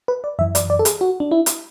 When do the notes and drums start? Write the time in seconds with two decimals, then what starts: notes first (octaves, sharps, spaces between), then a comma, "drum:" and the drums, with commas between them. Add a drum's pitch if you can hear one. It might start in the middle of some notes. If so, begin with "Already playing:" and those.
0.08 B4
0.24 D5
0.39 F#2 E3 E5
0.55 D5, drum: hi-hat
0.70 D5
0.79 A4
0.85 G#4, drum: hi-hat
1.01 F#4
1.20 D4
1.31 E4
1.46 drum: hi-hat